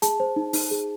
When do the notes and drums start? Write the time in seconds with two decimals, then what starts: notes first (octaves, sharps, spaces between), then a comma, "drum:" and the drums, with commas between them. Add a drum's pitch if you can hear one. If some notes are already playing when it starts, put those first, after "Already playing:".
0.02 G#4 A5, drum: hi-hat
0.20 C5
0.36 D#4
0.53 D#4, drum: open hi-hat
0.71 G#4